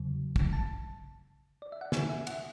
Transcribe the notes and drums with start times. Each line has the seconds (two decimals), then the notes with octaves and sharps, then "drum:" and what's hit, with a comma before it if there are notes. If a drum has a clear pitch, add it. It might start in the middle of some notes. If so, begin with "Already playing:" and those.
Already playing: E2 C#3 F#3
0.36 drum: kick
0.53 A5
1.62 D5
1.72 E5
1.81 F#5
1.92 G#5, drum: snare
2.09 E5
2.27 F#5, drum: cymbal